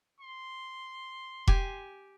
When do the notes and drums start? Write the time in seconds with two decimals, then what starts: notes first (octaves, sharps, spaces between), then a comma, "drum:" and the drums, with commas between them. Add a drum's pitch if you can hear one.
0.21 C6
1.47 G4 G#5, drum: kick E1